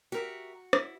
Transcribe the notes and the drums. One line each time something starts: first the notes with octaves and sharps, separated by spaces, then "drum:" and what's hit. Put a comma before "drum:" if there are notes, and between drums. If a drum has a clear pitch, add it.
F#4 G4 A#4 E5
E4, drum: rim click